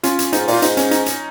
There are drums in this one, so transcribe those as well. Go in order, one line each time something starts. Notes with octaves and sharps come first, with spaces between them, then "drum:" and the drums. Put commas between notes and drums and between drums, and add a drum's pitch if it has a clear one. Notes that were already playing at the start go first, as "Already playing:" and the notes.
C#4 F4, drum: hi-hat
drum: hi-hat
G#2 D#4, drum: hi-hat
A#2, drum: open hi-hat
F4
G#2 D#4, drum: hi-hat
C#4, drum: hi-hat
D#4, drum: hi-hat
drum: hi-hat